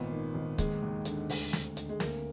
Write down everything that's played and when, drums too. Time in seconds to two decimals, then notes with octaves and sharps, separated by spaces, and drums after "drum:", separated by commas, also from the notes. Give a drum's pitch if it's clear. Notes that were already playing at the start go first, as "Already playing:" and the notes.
Already playing: G#1 A#2 B3
0.11 D#3
0.34 G#1
0.58 D#2 G#3, drum: kick, hi-hat
0.83 D#2
1.05 D3, drum: hi-hat
1.29 D2, drum: open hi-hat
1.53 D2, drum: snare
1.77 D3, drum: hi-hat
1.89 G#3
2.00 D2 A#3, drum: snare